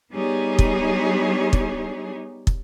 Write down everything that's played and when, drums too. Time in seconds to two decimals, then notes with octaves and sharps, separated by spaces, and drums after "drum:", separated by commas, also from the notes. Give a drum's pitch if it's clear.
0.11 G3 B3 D#4 G4 G#4 C#5
0.59 drum: kick
1.53 drum: kick
2.47 drum: kick